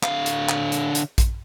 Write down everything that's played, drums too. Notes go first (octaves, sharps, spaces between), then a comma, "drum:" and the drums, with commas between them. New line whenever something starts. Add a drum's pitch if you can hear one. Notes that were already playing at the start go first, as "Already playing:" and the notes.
D3 F5, drum: clap
drum: hi-hat
drum: clap
drum: hi-hat
drum: hi-hat
drum: kick A#1, hi-hat